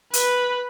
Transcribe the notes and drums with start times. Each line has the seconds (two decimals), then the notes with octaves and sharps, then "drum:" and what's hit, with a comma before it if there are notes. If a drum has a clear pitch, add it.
0.13 B4, drum: hi-hat